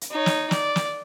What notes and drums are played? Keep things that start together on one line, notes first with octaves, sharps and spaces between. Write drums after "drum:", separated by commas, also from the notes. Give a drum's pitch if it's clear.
drum: hi-hat
D#4 C#5
drum: snare
D5, drum: snare
drum: snare